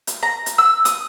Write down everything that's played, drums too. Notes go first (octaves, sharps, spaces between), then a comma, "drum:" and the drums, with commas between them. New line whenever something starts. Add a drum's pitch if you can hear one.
drum: hi-hat
A#5
drum: hi-hat
E6
D#6, drum: hi-hat